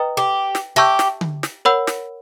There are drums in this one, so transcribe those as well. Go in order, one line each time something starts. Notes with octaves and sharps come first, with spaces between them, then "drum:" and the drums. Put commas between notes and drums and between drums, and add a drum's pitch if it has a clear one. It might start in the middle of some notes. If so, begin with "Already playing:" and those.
Already playing: B4 D#5 G5 A#5 D#6
G4
drum: snare
G4 E5 A5 C#6 E6 G6
drum: snare
drum: tom D3
drum: snare
A#4 C#5 F#5 B5 E6
drum: snare